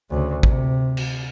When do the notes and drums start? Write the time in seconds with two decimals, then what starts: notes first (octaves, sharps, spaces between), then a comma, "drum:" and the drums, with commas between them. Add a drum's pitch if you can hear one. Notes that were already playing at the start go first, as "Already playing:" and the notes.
0.10 D2 C#3
0.43 C3, drum: kick A1
0.97 drum: cymbal